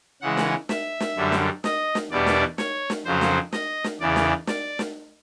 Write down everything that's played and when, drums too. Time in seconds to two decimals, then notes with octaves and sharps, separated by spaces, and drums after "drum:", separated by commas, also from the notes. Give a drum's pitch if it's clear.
0.21 C#3 E3 G#3 F#5
0.37 drum: snare
0.69 E5, drum: snare
1.00 drum: snare
1.16 F#2 D3 G3
1.32 drum: snare
1.64 D#5, drum: snare
1.95 drum: snare
2.11 E2 B2 G3 B3 D4 D5
2.27 drum: snare
2.58 C#5, drum: snare
2.90 drum: snare
3.05 F2 C#3 F#3 C5
3.21 drum: snare
3.53 D#5, drum: snare
3.84 drum: snare
4.00 E2 C#3 E3 D5
4.16 drum: snare
4.47 D5, drum: snare
4.79 drum: snare